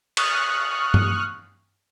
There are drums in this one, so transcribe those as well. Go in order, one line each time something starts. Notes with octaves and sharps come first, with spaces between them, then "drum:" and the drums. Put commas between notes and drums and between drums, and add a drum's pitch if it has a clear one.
C#6 D#6 F6 F#6, drum: cymbal
drum: tom G2